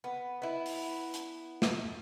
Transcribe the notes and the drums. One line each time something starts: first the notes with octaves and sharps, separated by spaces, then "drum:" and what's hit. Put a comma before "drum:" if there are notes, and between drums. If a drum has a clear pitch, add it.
B3
B3 E4
drum: open hi-hat
drum: hi-hat
drum: snare